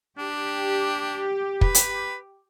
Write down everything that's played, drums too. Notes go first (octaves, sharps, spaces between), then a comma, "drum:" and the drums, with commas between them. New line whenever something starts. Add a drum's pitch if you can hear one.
D4 G4
B4, drum: kick
drum: hi-hat